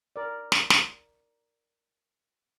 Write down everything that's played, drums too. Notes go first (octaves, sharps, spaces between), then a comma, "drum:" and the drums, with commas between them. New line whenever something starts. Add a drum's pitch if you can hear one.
A#4 D5
drum: snare
drum: snare